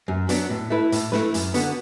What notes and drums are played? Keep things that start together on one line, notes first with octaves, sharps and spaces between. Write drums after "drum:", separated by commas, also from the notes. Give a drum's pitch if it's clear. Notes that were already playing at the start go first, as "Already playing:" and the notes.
F#2
F#3 B3 D4, drum: hi-hat
A2
A3 E4 B4
A2, drum: hi-hat
A3 E4 B4, drum: snare
F#2, drum: hi-hat
D3 B3 F#4, drum: hi-hat